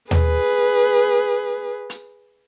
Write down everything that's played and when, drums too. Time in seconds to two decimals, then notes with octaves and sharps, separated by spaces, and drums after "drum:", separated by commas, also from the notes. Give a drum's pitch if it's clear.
0.11 G#4 B4, drum: tom D#2
1.90 drum: hi-hat